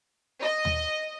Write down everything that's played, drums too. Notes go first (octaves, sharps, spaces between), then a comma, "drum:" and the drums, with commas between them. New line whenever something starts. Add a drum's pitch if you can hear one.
D#5
drum: tom D#2